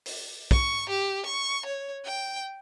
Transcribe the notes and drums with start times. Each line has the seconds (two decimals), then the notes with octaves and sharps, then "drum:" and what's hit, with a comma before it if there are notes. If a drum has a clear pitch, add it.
0.06 drum: open hi-hat
0.51 C#6, drum: kick
0.89 G4
1.25 C#6
1.66 C#5
2.05 G5